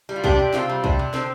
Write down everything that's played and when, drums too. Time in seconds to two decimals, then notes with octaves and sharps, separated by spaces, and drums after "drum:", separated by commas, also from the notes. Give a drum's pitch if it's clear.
0.09 G3
0.16 F4
0.24 C3 D4 G4, drum: kick B1
0.39 C3
0.53 C3 C4 F4, drum: snare
0.69 G3
0.84 C3 D4, drum: kick B1
0.99 C3
1.14 D3 C4, drum: snare